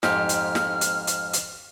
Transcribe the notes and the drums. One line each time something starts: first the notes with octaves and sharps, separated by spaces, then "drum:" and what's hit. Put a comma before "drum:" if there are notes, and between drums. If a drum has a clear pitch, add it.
F2 G#2 G4 F6, drum: snare
drum: hi-hat
drum: snare
drum: hi-hat
drum: hi-hat
drum: hi-hat